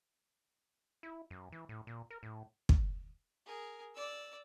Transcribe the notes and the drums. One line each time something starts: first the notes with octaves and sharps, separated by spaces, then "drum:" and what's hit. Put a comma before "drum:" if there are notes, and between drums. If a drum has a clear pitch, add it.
E4
F#2
E3
A2
A#2
A#4
A2
drum: kick
G#4 A#4
D5 E6